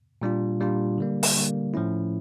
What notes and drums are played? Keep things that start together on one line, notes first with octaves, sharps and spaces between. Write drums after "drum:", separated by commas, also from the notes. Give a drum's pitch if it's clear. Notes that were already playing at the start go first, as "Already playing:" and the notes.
A#2 G3 D4 F4
A#2 G3 D4 F4
D3 G3 A#3
drum: open hi-hat
D3 G3 A#3
A2 F3 A3 C#4 E4